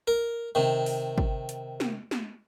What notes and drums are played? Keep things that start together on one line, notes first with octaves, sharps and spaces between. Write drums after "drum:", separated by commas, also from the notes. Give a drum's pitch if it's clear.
A#4
C3 D#3
drum: open hi-hat
drum: kick
drum: hi-hat
drum: snare
drum: snare